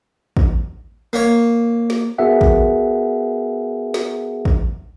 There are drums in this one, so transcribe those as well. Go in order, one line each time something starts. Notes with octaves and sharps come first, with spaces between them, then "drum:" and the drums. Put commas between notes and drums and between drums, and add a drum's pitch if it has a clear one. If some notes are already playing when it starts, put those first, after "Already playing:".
drum: kick
A#3 C#5
drum: snare
B3 F#4 G#4 A#4 E5 F#5
drum: kick
drum: snare
drum: kick